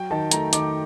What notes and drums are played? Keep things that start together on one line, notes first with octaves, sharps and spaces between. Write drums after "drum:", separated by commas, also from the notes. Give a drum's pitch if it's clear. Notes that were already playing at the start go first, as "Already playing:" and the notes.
Already playing: F#3 G5
D#3 A5
A3 A#5, drum: hi-hat
D#3 D6, drum: hi-hat